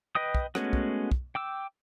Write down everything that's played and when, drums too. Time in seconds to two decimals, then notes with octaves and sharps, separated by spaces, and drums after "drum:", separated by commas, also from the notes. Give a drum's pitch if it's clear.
0.15 B4 D#5 G5 D#6
0.35 drum: kick
0.55 G#3 A3 B3 C#4 F#4, drum: rim click
0.73 drum: kick
1.11 drum: kick
1.35 G5 D6 E6